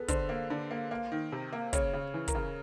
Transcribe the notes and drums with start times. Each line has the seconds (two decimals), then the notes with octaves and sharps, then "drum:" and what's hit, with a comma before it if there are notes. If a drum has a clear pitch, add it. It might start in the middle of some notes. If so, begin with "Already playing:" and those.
Already playing: B3 G#4 A4 B4
0.08 D3 C5, drum: kick, hi-hat
0.29 A#3
0.50 D3
0.71 A#3
0.91 A#3
1.12 D#3
1.32 C3
1.53 A#3
1.73 C#3 C#5, drum: kick, hi-hat
1.93 C#3
2.14 E3
2.28 A#4, drum: kick, hi-hat
2.35 C#3